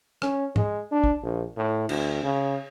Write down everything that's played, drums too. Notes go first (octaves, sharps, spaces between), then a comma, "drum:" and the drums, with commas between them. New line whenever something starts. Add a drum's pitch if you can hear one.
C#4, drum: rim click
G#3, drum: tom
D4
drum: kick
A#1
A2
D2, drum: cymbal
C#3